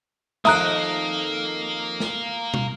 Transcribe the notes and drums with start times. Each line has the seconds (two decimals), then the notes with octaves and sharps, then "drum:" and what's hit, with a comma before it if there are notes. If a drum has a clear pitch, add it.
0.45 F2 D#3 A#3 A4 E5 A#5 D#6 F#6, drum: snare
2.00 drum: snare
2.54 drum: tom